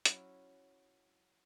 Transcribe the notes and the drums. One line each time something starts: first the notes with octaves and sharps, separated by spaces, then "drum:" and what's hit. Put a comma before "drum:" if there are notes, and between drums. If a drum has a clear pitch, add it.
F#3 C#4 E4, drum: hi-hat